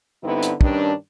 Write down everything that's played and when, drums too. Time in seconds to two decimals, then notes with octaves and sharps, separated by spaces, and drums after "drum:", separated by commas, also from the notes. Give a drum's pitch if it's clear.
0.23 G2 D3 B3 C4 D#4 E4
0.43 drum: hi-hat
0.61 G2 D#3 C#4 D4, drum: kick